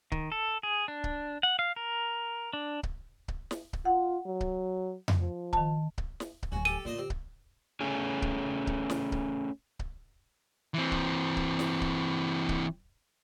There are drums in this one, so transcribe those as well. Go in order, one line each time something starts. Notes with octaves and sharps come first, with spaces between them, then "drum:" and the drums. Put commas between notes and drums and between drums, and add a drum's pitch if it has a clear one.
D#3, drum: kick C#1
A4
G#4
D4
drum: kick C#1
F#5
F5
A#4
D4
drum: kick C#1
drum: kick C#1
drum: snare
drum: kick C#1
F4 F#5
F#3
drum: kick C#1
drum: tom F2
F3
D#3 A5, drum: kick C#1
drum: kick C#1
drum: snare
drum: kick C#1
D1 F#3 F#4 G#5
G4 A4 D#7
A#2 D3 A#3 C5 D#5
C4 G4
drum: kick C#1
A3 C#4 G#4
drum: kick C#1
drum: kick C#1
drum: snare
drum: kick C#1
drum: kick C#1
E3 C4
drum: kick C#1
drum: kick C#1
drum: snare
drum: kick C#1
drum: kick C#1